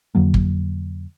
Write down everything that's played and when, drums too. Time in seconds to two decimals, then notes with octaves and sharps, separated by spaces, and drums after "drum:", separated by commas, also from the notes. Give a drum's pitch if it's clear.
0.15 F2 D3 F#3 A#3
0.34 drum: kick